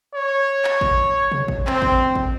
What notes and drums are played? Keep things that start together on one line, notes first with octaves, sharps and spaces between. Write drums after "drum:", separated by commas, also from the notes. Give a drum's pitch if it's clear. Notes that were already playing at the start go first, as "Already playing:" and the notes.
C#5
drum: clap
drum: kick A1
drum: tom B2
drum: kick A1
C4, drum: clap
drum: kick A1
drum: kick A1